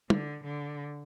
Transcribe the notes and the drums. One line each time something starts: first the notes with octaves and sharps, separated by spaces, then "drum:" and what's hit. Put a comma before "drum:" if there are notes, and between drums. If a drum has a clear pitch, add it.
D3, drum: tom
D3